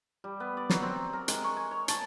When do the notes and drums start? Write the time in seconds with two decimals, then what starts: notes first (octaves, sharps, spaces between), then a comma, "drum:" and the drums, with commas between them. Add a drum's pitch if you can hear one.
0.24 G3
0.40 B3
0.57 D5
0.70 F#3, drum: snare
0.82 C4
1.13 A#4
1.28 G#3, drum: hi-hat
1.44 C#6
1.56 G#5
1.71 C#5
1.88 A5, drum: hi-hat